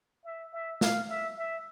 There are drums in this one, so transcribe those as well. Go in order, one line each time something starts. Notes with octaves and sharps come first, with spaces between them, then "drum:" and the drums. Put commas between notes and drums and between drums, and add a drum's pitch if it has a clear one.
E5
E5
F5, drum: snare
E5
E5